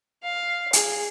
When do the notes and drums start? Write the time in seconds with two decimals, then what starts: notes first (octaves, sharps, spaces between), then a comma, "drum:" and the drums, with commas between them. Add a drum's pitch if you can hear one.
0.23 F5
0.73 G#4, drum: hi-hat